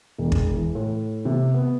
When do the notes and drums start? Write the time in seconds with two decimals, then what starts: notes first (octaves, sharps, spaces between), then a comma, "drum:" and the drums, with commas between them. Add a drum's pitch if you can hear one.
0.18 E1
0.32 drum: kick
0.56 E3
0.75 A2
1.25 C3
1.54 B3